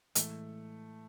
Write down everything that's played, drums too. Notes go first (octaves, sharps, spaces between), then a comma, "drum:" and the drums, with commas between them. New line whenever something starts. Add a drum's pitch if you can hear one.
A2 E3 G#3 A3, drum: hi-hat